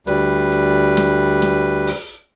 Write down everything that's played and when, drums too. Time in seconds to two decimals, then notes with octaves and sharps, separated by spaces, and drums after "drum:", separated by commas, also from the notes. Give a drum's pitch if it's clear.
0.07 D2 G3 B4, drum: hi-hat
0.52 drum: hi-hat
0.97 drum: snare
1.42 drum: snare
1.87 drum: open hi-hat